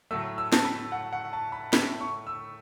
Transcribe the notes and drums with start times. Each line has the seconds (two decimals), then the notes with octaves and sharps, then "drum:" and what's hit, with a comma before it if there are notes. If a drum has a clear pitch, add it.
0.11 A2 F#3 A3 E6
0.38 E6
0.52 A5, drum: snare
0.65 B5
0.92 F#5
1.13 F#5
1.33 A5
1.52 B5
1.73 A2 A3 B5, drum: snare
2.01 C#6
2.27 E6